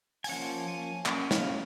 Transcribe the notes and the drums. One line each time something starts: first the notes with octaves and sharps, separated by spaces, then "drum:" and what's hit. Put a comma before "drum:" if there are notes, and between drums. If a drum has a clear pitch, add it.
G#5, drum: open hi-hat
F3 A#3 C#4 F#5
G#5
F#3 A#3 C#4 F#5, drum: clap
F5, drum: snare